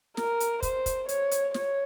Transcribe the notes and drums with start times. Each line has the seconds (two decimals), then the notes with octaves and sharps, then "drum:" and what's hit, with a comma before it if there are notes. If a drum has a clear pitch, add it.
0.17 A#4, drum: snare
0.40 drum: hi-hat
0.62 C5, drum: kick, hi-hat
0.86 drum: kick, hi-hat
1.09 C#5, drum: hi-hat
1.31 drum: hi-hat
1.54 C#5, drum: snare